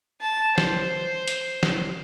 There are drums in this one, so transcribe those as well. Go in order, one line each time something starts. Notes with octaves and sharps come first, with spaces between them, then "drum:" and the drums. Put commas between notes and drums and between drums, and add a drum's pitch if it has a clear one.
A5
C5, drum: snare
drum: hi-hat
drum: snare